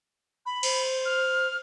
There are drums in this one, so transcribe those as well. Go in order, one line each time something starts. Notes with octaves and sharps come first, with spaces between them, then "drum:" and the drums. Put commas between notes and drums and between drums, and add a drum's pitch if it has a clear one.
B5
C5, drum: cymbal
F6